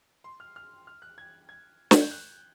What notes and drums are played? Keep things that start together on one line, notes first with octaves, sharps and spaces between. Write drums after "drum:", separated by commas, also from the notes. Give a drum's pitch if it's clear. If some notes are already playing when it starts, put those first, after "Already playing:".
C6
F6
F6
F6
F#6
G#6
G#6
G#6, drum: snare
G6
F#6